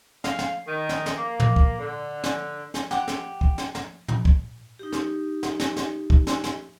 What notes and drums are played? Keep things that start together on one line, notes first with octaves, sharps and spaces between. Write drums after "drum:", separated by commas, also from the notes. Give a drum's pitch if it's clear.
F5, drum: snare
drum: snare
D#3
drum: snare
drum: snare
A#3
drum: tom
drum: kick
D3
drum: snare
drum: snare
G4 F#5 G5, drum: snare
drum: snare
drum: kick
drum: snare
drum: snare
drum: tom
drum: kick
D#4 G4
drum: snare
drum: snare
drum: snare
drum: snare
drum: kick
drum: snare
drum: snare